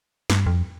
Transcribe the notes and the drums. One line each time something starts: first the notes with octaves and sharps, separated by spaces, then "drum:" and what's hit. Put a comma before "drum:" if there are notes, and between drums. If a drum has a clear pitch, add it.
G2, drum: snare
F2